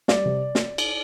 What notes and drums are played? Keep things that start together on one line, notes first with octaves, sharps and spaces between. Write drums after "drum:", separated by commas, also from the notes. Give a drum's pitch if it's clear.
G3 D5, drum: snare
C3
drum: snare
drum: cymbal